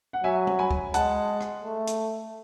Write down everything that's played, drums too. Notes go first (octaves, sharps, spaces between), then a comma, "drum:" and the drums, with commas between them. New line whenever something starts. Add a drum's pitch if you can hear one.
F#5
F#3 E5 G#5
drum: tom F#3
G#5 B5
drum: kick
G#3 F#5 A5, drum: hi-hat
drum: rim click
A3
drum: hi-hat